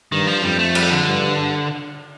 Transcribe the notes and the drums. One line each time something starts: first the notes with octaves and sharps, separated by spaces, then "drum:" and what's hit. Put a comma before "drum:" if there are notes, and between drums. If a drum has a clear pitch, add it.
G2 D#3
F3
F2 G3
A3
G3, drum: cymbal
D3
G2